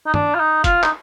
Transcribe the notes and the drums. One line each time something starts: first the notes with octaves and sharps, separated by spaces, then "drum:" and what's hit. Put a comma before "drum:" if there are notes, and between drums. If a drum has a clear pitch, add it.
D#4
D4, drum: tom
F4
D#4
F4, drum: kick, hi-hat
D#4, drum: clap